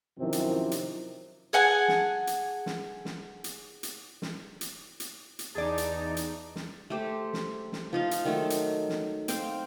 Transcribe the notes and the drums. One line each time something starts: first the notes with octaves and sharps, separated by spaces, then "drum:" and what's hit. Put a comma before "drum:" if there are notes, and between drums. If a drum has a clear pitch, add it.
F#2 C3 D#3 F3 C4 E4
drum: hi-hat
drum: hi-hat
G#4 F#5 G#5 A5
drum: snare
drum: hi-hat
drum: snare
drum: snare
drum: hi-hat
drum: hi-hat
drum: snare
drum: hi-hat
drum: hi-hat
drum: hi-hat
E2 D#4 G#4 D5 A5
drum: hi-hat
drum: hi-hat
drum: snare
A3 G4 C5
drum: snare
drum: snare
F3 D#4 F4
drum: hi-hat
D#3 F#3 A3 A4
drum: hi-hat
drum: snare
C4 C5 F5 G5, drum: hi-hat